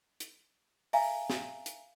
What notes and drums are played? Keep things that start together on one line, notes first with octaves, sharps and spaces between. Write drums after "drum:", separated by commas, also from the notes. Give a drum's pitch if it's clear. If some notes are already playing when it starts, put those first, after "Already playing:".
drum: hi-hat
E5 F5 G#5 A#5, drum: open hi-hat
drum: snare
drum: hi-hat